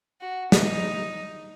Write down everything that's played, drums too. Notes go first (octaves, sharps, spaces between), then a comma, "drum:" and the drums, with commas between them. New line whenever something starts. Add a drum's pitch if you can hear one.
F#4
D#4, drum: snare